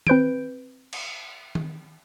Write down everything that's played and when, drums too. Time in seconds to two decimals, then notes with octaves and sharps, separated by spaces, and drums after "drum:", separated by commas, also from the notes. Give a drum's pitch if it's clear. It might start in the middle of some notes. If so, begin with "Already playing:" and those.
0.07 C4 B4 G6 D7, drum: tom D#3
0.93 drum: cymbal
1.55 drum: tom D#3